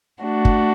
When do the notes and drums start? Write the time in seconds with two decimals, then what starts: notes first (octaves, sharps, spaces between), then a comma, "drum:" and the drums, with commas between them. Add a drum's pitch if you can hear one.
0.21 A3 D4 F#4
0.45 drum: kick